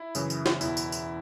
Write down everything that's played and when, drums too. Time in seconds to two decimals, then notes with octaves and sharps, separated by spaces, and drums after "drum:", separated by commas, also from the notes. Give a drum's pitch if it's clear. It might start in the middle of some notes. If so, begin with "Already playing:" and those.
Already playing: E4
0.15 F#2 C#3 E3, drum: tambourine
0.30 drum: tambourine
0.46 drum: snare
0.61 E2 B2 E4, drum: tambourine
0.77 drum: tambourine
0.92 drum: tambourine